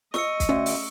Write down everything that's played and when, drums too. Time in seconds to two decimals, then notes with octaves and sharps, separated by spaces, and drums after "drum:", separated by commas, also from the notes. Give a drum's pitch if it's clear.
0.14 D#5 C#6 E6 C#7, drum: snare
0.40 drum: kick, hi-hat
0.49 D2 C#4
0.66 drum: open hi-hat